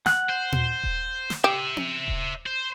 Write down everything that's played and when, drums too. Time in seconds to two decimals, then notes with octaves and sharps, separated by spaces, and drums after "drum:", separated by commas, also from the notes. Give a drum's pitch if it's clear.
0.06 F#5 F#6, drum: snare
0.29 C5
0.52 drum: tom A#2
0.83 drum: kick D#1
1.30 drum: snare
1.44 G4 C5 E5
1.77 drum: tom C4
2.08 drum: kick D#1
2.46 C5